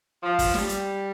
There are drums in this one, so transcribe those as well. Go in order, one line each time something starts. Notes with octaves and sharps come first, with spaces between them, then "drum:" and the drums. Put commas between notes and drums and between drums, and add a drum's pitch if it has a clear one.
F3
drum: kick, open hi-hat
G3, drum: snare
drum: hi-hat